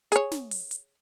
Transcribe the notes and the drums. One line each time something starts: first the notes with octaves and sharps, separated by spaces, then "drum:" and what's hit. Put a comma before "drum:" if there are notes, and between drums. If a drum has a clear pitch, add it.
G#4 C#5, drum: hi-hat
drum: snare
drum: open hi-hat
drum: hi-hat